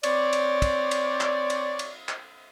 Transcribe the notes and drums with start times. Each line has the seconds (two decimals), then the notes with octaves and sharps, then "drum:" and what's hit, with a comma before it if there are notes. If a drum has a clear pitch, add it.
0.03 C4 C#5 D5, drum: cymbal
0.33 drum: cymbal
0.62 drum: kick, cymbal
0.91 drum: cymbal
1.21 drum: clap
1.50 drum: cymbal
1.79 drum: cymbal
2.09 drum: clap